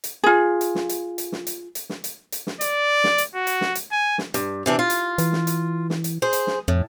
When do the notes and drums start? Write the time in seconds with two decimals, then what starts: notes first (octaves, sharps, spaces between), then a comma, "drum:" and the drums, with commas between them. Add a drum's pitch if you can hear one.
0.04 drum: hi-hat
0.24 F4 G#4
0.61 drum: hi-hat
0.75 drum: snare
0.89 drum: hi-hat
1.18 drum: hi-hat
1.32 drum: snare
1.47 drum: hi-hat
1.75 drum: hi-hat
1.89 drum: snare
2.04 drum: hi-hat
2.32 drum: hi-hat
2.47 drum: snare
2.61 D5, drum: hi-hat
3.04 drum: snare
3.18 drum: hi-hat
3.35 F#4
3.47 drum: hi-hat
3.61 drum: snare
3.75 drum: hi-hat
3.92 G#5
4.18 drum: snare
4.34 G2, drum: hi-hat
4.66 C3 E3 D4
4.79 F4
4.90 drum: hi-hat
5.18 E3, drum: hi-hat
5.33 drum: snare
5.47 drum: hi-hat
5.90 drum: snare
6.04 drum: hi-hat
6.22 G#4 C5
6.33 drum: hi-hat
6.47 drum: snare
6.68 F2 A2